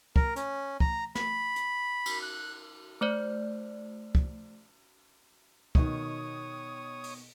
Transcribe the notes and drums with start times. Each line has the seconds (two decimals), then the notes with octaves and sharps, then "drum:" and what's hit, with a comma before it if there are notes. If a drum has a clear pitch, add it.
0.16 A#4, drum: kick
0.36 C#4, drum: hi-hat
0.80 A#5, drum: kick
1.15 B5, drum: snare
1.56 drum: hi-hat
2.06 drum: cymbal
2.22 F#6
3.01 A3 C5 D5
4.15 drum: kick
5.75 B2 D#3 C#5 D#6, drum: kick
7.04 drum: open hi-hat